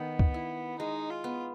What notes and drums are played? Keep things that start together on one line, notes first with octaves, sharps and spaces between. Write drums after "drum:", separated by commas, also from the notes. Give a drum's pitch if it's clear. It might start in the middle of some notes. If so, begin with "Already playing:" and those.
Already playing: D#3 B3
drum: kick C#2
E4
G#3 D#4
F4
B3